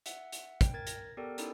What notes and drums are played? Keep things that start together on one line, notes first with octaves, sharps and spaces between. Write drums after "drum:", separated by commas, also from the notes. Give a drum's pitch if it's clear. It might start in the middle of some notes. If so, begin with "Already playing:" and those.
E5 F#5, drum: hi-hat
drum: hi-hat
G5, drum: kick, hi-hat
A#4 G#6 A6
A#6, drum: hi-hat
B3 G4 A4 A#4 D5 G5
C#4 D#4 E4 A4, drum: hi-hat